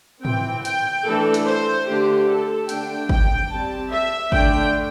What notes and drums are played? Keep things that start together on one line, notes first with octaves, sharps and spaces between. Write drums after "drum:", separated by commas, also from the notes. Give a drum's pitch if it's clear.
E3 C4 G5, drum: tom
G5, drum: hi-hat
E3 A3 D4 A4
drum: hi-hat
C5
D3 A3 D4 G4
A4
D3 A3 D4 G5, drum: hi-hat
G5, drum: kick
G3 C4 A5
E5
D3 A3 D4 G5, drum: kick